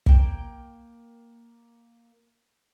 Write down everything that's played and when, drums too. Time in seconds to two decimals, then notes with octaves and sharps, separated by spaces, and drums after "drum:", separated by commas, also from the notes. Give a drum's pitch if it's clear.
0.06 A#3 G5, drum: kick